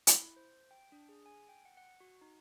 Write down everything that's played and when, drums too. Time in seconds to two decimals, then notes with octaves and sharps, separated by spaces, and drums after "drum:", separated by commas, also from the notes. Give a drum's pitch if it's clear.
0.07 E4, drum: hi-hat
0.36 C5
0.71 G5
0.92 D4
1.09 G#4
1.26 G#5
1.49 G5
1.65 F#5
1.77 F#5
2.00 F#4
2.21 D#4